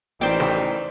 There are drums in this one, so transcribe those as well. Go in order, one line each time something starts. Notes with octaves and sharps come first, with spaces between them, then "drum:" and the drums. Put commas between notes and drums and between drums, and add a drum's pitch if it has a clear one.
A1 D#3 E3 D#4 C5 D5 G5 D6, drum: hi-hat
drum: snare